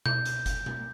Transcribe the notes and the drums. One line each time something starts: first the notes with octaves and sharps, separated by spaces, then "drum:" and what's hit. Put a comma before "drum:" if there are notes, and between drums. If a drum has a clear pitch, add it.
G6, drum: tom B2
drum: hi-hat
drum: kick F#1, hi-hat
drum: tom B2